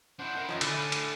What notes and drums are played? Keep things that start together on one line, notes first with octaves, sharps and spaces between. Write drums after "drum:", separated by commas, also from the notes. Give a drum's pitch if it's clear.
D4 E4 C5 F#5
E4 A#4
F#2 D#3 F3 D#4 C#5 C#6
D3 E4 A4 D5 G#5, drum: cymbal
drum: cymbal